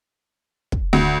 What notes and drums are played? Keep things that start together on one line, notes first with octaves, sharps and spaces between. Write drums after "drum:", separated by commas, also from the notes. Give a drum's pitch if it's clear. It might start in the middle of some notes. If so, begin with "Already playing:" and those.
drum: kick
D2